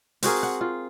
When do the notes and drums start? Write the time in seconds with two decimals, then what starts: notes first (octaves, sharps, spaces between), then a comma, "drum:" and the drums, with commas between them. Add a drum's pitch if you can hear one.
0.23 C4 F#4 G#4 A#4, drum: open hi-hat
0.43 F#5
0.61 F4